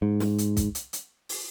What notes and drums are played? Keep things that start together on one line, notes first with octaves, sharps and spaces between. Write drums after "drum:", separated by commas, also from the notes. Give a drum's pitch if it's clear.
G#2
drum: snare
drum: hi-hat
drum: kick, hi-hat
drum: hi-hat
drum: hi-hat
drum: open hi-hat